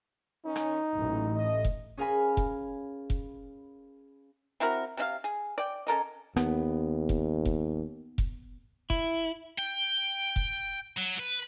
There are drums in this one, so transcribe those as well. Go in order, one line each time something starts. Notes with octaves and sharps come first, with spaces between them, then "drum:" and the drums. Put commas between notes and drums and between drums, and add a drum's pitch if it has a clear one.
D#3 C#4 D#4
drum: rim click
A1 A#2 E3 F#3
A3 D#5
drum: kick F1
C#4 G#4 A#4 F5 G#5 B5
drum: kick F1
drum: kick F1
C4 E4 F#4 A#4
C3 D4 F5
G#4
D5 G5
C#4 A4 A#4 D#5
D#2 B3, drum: rim click
drum: kick F1
drum: kick F1
drum: kick F1
E4, drum: kick F1
G5
drum: kick F1
F#3
B4